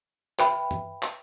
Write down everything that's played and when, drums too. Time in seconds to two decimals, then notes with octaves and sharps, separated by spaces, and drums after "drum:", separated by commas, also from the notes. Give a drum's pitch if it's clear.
0.39 B4 E5 G5 B5, drum: clap
0.71 drum: tom G2
1.02 drum: clap